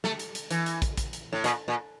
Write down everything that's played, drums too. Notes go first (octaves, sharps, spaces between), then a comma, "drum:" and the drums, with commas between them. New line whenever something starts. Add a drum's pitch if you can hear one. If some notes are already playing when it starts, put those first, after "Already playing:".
A3, drum: snare
drum: hi-hat
drum: hi-hat
E3, drum: hi-hat
drum: hi-hat
drum: kick, hi-hat
drum: kick, hi-hat
drum: hi-hat
A2
A#2, drum: hi-hat
A#2